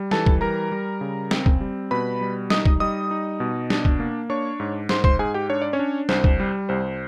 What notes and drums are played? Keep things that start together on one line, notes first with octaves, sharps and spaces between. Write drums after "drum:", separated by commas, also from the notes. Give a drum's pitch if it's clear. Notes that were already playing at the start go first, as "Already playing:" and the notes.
Already playing: G3
E3 A4 A5, drum: snare
drum: kick
G3 A#4 A#5
G3
C#3
C4, drum: snare
drum: kick
G3
B2 B4 B5
G3
D#4 D#5 D#6, drum: snare
drum: kick
G3 D#5 D#6
D#4
B2
D4, drum: snare
drum: kick
A#3
D4 C#5 C#6
G#2
G#2 C5 C6, drum: snare
C5 C6, drum: kick
G#2 G#4 G#5
G4 G5
D4 C#5
D5
C#4 C#5
D4
C2 C5, drum: snare
drum: kick
G3
C2 C5